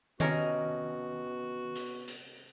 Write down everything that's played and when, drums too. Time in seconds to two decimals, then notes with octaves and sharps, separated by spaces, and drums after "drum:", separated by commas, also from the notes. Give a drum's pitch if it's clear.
0.20 C3 B3 C#4 F#4 A#4 D#5, drum: tom D#3
1.75 drum: hi-hat
2.08 drum: hi-hat